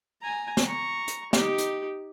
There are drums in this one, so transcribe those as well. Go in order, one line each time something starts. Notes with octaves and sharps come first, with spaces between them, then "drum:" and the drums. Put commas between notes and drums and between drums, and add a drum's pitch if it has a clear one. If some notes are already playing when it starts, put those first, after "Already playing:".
G#5 A#5
drum: snare
A#5 C#6
drum: hi-hat
D#4 G4, drum: snare
drum: hi-hat